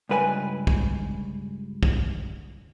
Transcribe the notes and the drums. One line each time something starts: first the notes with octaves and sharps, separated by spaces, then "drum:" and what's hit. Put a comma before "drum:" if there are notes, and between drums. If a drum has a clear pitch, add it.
C#2 G2 B4 F#5 G#5 B5
drum: kick
drum: kick